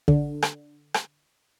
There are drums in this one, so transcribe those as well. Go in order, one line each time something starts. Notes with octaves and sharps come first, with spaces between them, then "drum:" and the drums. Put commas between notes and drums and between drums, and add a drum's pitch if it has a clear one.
D3, drum: kick
drum: rim click
drum: rim click